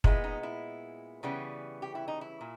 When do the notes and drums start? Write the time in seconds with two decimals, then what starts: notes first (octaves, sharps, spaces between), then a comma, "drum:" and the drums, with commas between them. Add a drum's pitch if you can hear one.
0.04 A#2 G#3 B3 E4, drum: kick
0.24 D#4
0.43 E4
1.23 C#3 E3 G3 B3
1.82 G4
1.95 E4
2.08 D#4
2.21 E4
2.41 A#2